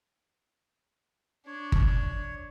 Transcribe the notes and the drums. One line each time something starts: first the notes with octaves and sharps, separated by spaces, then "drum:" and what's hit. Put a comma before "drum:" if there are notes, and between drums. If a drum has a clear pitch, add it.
D4 C#5
drum: kick G1